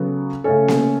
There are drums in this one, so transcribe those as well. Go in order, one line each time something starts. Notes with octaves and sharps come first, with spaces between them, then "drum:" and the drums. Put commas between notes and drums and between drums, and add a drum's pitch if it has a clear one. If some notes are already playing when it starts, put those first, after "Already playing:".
Already playing: C#3 F#3 B3 F#4 A4
C#3 A3 C#4 A4
drum: snare A#3